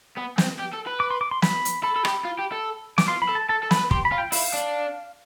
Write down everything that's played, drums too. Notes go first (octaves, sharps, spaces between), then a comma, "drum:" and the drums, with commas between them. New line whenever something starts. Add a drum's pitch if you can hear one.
B3
C4, drum: snare
G4
A4
B4
D6
C6
D6
C6
B5, drum: snare
drum: hi-hat
A4 B5
A4
G4, drum: rim click
F4
G4
A4
D6, drum: snare
F4 C6
B5
A4
A5
A4 A5
A4
B5, drum: snare
B4
G4 C6, drum: kick
B5
F4
G5
E4 F5, drum: open hi-hat
D4